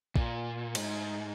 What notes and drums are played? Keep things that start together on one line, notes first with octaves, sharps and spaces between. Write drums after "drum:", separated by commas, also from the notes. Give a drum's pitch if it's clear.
A#2, drum: kick
G#2, drum: cymbal